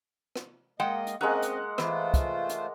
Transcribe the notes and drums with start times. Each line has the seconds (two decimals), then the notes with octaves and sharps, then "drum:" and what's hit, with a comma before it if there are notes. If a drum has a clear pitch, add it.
0.36 drum: rim click
0.80 G#3 A#3 D#5 F#5 G5
1.07 drum: hi-hat
1.21 G#3 A#3 C4 C#4 D#5 F#5
1.42 drum: hi-hat
1.78 E3 A3 F4 C5, drum: rim click
2.14 drum: kick, hi-hat
2.49 drum: hi-hat